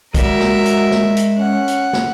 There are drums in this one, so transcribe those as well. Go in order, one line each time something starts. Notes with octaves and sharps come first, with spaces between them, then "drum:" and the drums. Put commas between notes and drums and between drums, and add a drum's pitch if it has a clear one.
F#3 G#3 A#4 D5 E5, drum: kick, hi-hat
drum: snare
drum: hi-hat
drum: snare
drum: hi-hat
C#4 F#5
drum: hi-hat
drum: snare